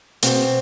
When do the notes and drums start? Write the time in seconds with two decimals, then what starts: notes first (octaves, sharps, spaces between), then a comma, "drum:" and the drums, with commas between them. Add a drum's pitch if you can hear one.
0.22 B2 C4, drum: hi-hat